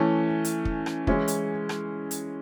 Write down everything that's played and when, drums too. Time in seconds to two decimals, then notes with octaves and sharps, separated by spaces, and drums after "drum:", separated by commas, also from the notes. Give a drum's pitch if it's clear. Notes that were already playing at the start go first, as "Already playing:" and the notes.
Already playing: E3 A3 C#4
0.45 drum: hi-hat
0.65 drum: kick
0.86 drum: rim click
1.07 E3 G#3 C#4 E4, drum: kick
1.28 drum: hi-hat
1.69 drum: rim click
2.11 drum: hi-hat